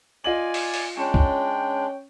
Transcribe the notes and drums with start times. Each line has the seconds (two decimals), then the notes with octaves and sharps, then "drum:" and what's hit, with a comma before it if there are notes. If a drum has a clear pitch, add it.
0.24 F4 D5 D#5 G#5 F#7
0.54 drum: open hi-hat
0.74 drum: open hi-hat
0.97 G#3 C#4 D4 C#5 G5
1.14 drum: kick